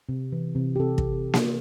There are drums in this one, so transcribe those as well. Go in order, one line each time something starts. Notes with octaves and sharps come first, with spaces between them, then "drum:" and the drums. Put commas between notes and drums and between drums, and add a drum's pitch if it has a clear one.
C3
E3
C3
G4
C3 A4
drum: kick
drum: snare A#3